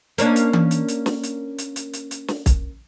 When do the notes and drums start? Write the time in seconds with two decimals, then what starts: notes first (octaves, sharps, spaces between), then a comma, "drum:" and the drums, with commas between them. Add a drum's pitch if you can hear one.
0.18 A#3 C#4 D4, drum: hi-hat
0.36 drum: hi-hat
0.53 drum: tom E3
0.71 drum: hi-hat
0.88 drum: hi-hat
1.06 drum: snare
1.23 drum: hi-hat
1.58 drum: hi-hat
1.76 drum: hi-hat
1.93 drum: hi-hat
2.11 drum: hi-hat
2.28 drum: snare
2.46 drum: kick, hi-hat